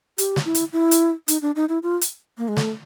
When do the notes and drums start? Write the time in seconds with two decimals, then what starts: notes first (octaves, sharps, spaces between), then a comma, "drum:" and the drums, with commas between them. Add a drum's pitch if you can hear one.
0.18 G4, drum: hi-hat
0.36 drum: snare
0.45 E4
0.55 drum: hi-hat
0.73 E4
0.91 drum: hi-hat
1.28 D#4, drum: hi-hat
1.42 D4
1.56 D#4
1.69 E4
1.83 F4
2.01 drum: hi-hat
2.38 A#3
2.48 G#3
2.57 A3, drum: snare